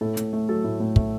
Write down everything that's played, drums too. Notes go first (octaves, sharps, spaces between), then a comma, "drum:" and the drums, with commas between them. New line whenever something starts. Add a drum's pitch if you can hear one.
A2 A4
A2, drum: hi-hat
A3
F#3 A4
A2
A2
A3, drum: kick